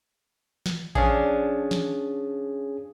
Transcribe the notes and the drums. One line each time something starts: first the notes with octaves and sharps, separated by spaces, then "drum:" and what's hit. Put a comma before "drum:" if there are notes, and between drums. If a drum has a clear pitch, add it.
drum: snare
F3 C#4 D4 G#4, drum: kick A1
drum: snare